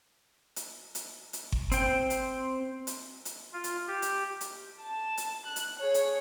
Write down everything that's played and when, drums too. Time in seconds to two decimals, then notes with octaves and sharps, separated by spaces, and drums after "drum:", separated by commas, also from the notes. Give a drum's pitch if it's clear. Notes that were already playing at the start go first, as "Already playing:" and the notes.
0.56 drum: hi-hat
0.95 drum: hi-hat
1.33 drum: hi-hat
1.52 drum: kick G1
1.72 C4 G5, drum: hi-hat
2.10 drum: hi-hat
2.87 drum: hi-hat
3.25 drum: hi-hat
3.53 F4
3.64 drum: hi-hat
3.87 G4
4.02 drum: hi-hat
4.41 drum: hi-hat
4.82 A5
5.17 drum: hi-hat
5.46 F#6
5.56 drum: hi-hat
5.79 G#4 C#5
5.94 drum: hi-hat